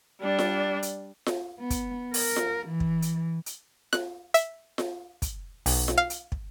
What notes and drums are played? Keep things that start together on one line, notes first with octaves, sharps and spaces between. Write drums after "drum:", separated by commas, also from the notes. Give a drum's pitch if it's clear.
G3 D4
drum: snare F4
drum: hi-hat
drum: snare F4
B3
drum: kick, hi-hat
A#4, drum: open hi-hat
drum: snare F4
E3
drum: kick
drum: hi-hat
drum: hi-hat
F#6, drum: snare F4
E5, drum: hi-hat
drum: snare F4
drum: kick, hi-hat
B1, drum: open hi-hat
drum: snare F4
F5
drum: hi-hat
drum: kick